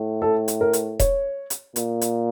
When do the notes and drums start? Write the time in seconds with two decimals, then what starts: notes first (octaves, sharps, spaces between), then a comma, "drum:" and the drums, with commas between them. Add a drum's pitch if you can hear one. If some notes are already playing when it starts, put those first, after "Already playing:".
Already playing: A2
0.22 A4
0.48 drum: hi-hat
0.61 A#4
0.73 drum: hi-hat
1.00 C#5, drum: kick E1, hi-hat
1.50 drum: hi-hat
1.76 A#2, drum: hi-hat
2.01 drum: hi-hat